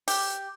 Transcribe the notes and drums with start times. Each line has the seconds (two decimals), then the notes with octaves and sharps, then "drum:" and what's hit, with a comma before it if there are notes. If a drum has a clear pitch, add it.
0.08 G4, drum: open hi-hat